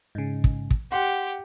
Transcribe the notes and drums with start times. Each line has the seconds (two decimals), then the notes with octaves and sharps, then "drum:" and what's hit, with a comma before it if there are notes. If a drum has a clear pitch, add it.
0.15 G#2 C#3
0.44 drum: kick
0.70 drum: kick
0.92 G4 F#5 C6